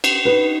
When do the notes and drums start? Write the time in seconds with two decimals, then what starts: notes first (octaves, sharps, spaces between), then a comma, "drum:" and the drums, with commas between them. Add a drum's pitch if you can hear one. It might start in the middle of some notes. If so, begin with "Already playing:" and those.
0.04 drum: cymbal
0.25 D#4 B4